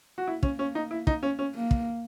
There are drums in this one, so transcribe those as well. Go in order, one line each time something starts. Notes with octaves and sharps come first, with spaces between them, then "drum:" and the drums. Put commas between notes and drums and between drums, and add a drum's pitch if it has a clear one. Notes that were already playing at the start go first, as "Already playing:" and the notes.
F#4
A#3 E4
C#4, drum: kick
C#4
D#4
E4
D#4, drum: kick
C#4
C#4
A#3
drum: kick